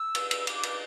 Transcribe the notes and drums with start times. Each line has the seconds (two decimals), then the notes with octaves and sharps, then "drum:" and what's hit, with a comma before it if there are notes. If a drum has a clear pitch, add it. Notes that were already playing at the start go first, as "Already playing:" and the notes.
Already playing: E6
0.15 drum: cymbal
0.31 drum: cymbal
0.47 D6, drum: cymbal
0.63 drum: cymbal